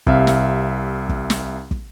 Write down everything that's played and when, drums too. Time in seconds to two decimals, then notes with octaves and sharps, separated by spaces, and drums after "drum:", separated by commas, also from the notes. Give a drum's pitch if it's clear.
0.07 C2 C3 E5 F5, drum: kick
0.27 drum: snare
1.09 drum: kick
1.30 drum: snare
1.71 drum: kick